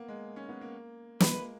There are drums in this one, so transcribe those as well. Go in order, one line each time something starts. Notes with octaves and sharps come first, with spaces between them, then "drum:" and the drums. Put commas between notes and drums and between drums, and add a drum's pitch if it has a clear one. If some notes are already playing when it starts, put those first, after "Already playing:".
Already playing: A#3 B3
G#3
C#4
B3
A#3
G#3 B4, drum: snare
A#3